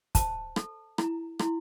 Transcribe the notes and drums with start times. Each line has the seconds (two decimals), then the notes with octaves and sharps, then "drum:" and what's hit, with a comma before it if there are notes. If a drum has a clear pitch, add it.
0.15 C5 A5, drum: kick, hi-hat
0.56 A4, drum: rim click
0.98 E4 A#5, drum: rim click
1.39 E4 C6, drum: rim click